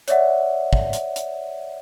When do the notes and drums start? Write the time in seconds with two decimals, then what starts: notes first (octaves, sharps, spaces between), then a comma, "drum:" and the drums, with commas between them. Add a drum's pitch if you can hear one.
0.08 C#5 D5 E5 F#5, drum: hi-hat
0.73 drum: kick
0.93 drum: hi-hat
1.16 drum: hi-hat